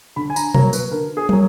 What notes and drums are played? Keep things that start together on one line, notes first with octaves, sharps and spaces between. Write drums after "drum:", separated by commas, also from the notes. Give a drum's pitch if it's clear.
D3 B5
G#5
A#5, drum: tambourine
F#3 A#3 A#5, drum: tom B2
B4, drum: tambourine
D3 A#4
G#4
F#3 A#3, drum: tom